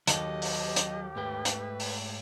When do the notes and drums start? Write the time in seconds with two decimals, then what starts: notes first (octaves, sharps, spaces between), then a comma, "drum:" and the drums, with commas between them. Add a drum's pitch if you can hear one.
0.07 D#2 F#3 G4 A4 D#5, drum: hi-hat
0.42 drum: open hi-hat
0.76 drum: hi-hat
1.16 G#2 A3 B4 G5
1.45 drum: hi-hat
1.80 drum: open hi-hat